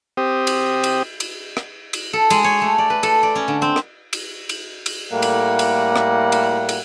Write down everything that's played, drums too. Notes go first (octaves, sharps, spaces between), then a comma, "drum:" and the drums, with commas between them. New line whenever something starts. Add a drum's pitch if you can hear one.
C4 G4 D#6
drum: cymbal
drum: cymbal
drum: cymbal
drum: rim click
drum: cymbal
A4
G#3, drum: cymbal
C#5
A3
D5
B4
A4, drum: cymbal
D5
C#4
D3
C4
drum: rim click
drum: cymbal
drum: cymbal
drum: cymbal
A2 G3 A3 A#3 F#5
drum: cymbal
drum: cymbal
drum: rim click
drum: cymbal
drum: cymbal